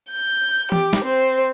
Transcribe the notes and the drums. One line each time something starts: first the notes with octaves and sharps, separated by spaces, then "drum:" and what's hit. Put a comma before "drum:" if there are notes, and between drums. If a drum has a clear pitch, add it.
G6
G4, drum: tom E3
drum: snare
C4 C5